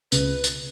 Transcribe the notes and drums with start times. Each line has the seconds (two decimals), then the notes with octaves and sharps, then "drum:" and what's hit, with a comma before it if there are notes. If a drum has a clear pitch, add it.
0.12 C#2 B4, drum: tambourine
0.44 drum: tambourine